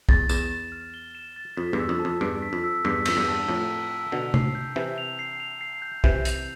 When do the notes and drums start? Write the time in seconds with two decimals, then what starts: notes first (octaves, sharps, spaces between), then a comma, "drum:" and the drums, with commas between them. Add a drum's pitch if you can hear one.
0.09 E2 A6, drum: kick
0.29 E2 E7, drum: tambourine
0.51 A6
0.72 F6
0.94 G7
1.15 E7
1.36 A6
1.57 F2 B6
1.73 E2 G2
1.79 E6
1.89 F2
1.99 A5
2.05 F2
2.21 E2 G2 D7
2.42 B6
2.53 F2
2.64 E6
2.85 E2 G2 B6
3.05 F2 E6, drum: cymbal
3.17 E2 G2
3.28 A5
3.48 F2 A2 A5
3.70 B6
3.92 E6
4.12 B2 D3 F7
4.34 C7, drum: tom
4.55 G6
4.76 C3 E3 G6
4.98 F7
5.19 C7
5.40 F7
5.61 C7
5.82 G6
6.04 C3 E3 G6, drum: kick
6.25 F7, drum: hi-hat